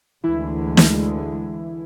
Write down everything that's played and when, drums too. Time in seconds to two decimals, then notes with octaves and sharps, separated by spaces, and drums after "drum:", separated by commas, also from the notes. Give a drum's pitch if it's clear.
0.24 D2 D3 E3 G#3 E4
0.77 drum: snare